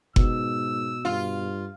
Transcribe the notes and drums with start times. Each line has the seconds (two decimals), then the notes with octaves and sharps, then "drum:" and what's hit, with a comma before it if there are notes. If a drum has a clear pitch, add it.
0.16 G#2 B2 E6, drum: kick F#1
1.05 G2 F4